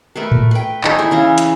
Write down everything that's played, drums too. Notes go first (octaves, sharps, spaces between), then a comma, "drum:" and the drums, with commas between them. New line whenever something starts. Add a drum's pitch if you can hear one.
A3 A#4 B4
drum: tom A2
B4 G5
D#4 G#4 A4 C5, drum: clap
E4 G#4
C#3 E3 A#5
drum: hi-hat